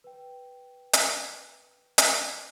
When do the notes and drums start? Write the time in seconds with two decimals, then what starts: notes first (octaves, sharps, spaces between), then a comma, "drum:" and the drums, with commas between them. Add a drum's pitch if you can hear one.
0.04 B4 G5
0.93 drum: hi-hat
1.98 drum: hi-hat